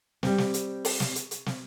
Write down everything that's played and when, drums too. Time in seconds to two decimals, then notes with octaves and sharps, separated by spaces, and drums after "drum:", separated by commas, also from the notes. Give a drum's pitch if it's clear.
0.23 G3 C4, drum: snare
0.38 drum: snare
0.54 drum: hi-hat
0.85 drum: open hi-hat
1.00 drum: snare
1.15 drum: hi-hat
1.31 drum: hi-hat
1.46 drum: snare